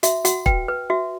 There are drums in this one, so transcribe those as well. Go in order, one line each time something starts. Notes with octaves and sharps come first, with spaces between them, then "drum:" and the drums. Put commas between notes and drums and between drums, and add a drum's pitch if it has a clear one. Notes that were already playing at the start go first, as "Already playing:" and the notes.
F#4 E5, drum: hi-hat
F#4 F#5, drum: hi-hat
B4 G5, drum: kick
B4
F#4 E5